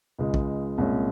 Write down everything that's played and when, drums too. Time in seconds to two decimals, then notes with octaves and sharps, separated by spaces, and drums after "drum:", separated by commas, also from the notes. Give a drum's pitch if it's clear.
0.19 C#2 C#3 G#3
0.34 drum: kick
0.78 C2 A#2 G#3 C#4